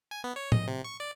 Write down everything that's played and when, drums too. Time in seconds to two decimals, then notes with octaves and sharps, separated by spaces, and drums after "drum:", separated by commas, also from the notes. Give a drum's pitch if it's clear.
0.11 G#5
0.24 B3
0.36 C#5
0.52 D#5, drum: tom A2
0.67 C3
0.84 C#6
1.00 D5